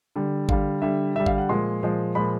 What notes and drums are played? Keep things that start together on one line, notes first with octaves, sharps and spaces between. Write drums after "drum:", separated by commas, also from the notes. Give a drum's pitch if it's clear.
D3 G3
D3 G3 F5, drum: kick G#1
D3 G3 E5
D3 G3 E5
F5, drum: kick G#1
F#5
A#2 F3 G#3 C6
A#2 F3 G#3
A#2 F3 G#3 B5